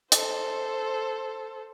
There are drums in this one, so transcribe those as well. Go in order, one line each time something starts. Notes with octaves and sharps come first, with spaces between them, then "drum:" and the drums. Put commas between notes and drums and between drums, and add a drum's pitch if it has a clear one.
A4 C5, drum: hi-hat